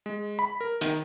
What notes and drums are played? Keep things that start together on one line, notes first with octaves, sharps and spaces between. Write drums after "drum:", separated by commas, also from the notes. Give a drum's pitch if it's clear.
G#3
B5
A#4
D#3, drum: hi-hat